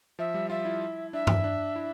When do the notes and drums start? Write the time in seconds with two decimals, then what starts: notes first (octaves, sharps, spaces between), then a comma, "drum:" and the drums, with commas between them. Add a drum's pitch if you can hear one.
0.19 F3 E5
0.34 G3
0.50 F4 E5
0.65 E4
1.13 D4 E5
1.27 drum: tom G2
1.44 D4
1.76 E4